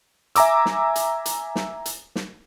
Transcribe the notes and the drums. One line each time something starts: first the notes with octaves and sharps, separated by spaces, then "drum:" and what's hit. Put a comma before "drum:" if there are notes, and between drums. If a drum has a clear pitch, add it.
E5 G#5 A#5 D6 E6, drum: hi-hat
drum: snare
drum: hi-hat
drum: hi-hat
drum: snare
drum: hi-hat
drum: snare